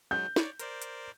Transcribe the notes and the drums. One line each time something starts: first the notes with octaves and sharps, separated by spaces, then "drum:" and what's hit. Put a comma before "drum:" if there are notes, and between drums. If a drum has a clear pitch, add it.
F#3 G#3 G6
C#5 D5, drum: snare
A#4 C5 D5, drum: hi-hat
drum: hi-hat